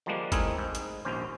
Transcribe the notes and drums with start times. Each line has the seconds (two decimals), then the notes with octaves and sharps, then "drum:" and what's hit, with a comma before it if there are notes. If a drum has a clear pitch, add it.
0.06 D3 F3 G3 G#3 A#3 D4
0.32 A3 C4 D#4 E4 G#4 A#4, drum: kick, hi-hat
0.58 G#2
0.75 drum: hi-hat
1.05 A#1 D#2 C#4 C5